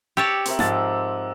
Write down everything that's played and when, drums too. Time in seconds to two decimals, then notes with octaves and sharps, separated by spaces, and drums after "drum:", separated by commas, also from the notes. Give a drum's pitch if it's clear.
0.17 G4 C#5 G5 A5 D6 E6
0.46 C4 A#4 E5, drum: hi-hat
0.59 G#2 F3 A6, drum: snare